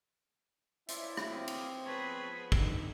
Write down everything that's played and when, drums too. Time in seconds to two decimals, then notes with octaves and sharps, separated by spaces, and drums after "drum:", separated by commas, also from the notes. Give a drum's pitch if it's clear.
0.88 C#4 E4 F4 C5 D5 E5, drum: hi-hat
1.17 drum: rim click
1.31 C4 F5 D6 D#6
1.48 drum: cymbal
1.86 F3 B3 G#4 B4 C#5 A5 C#6
2.52 D3 D#4 G5, drum: kick